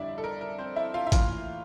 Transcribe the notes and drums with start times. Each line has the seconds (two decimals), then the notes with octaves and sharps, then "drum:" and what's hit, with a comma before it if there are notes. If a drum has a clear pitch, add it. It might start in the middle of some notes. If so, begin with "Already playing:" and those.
Already playing: G1 F2 D3 G3 D4 E4 D5 E5
0.18 A4
0.24 A#4
0.41 A#4
0.59 C4 C5
0.76 E4 E5
0.94 F4 F5
1.07 E5
1.12 A2 E3 A#3 F4 F5, drum: kick, hi-hat